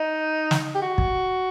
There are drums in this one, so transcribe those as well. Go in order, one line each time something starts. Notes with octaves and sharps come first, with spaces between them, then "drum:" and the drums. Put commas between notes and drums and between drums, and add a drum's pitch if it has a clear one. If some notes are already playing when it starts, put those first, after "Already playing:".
Already playing: D#4
drum: snare
G4
F#4
drum: kick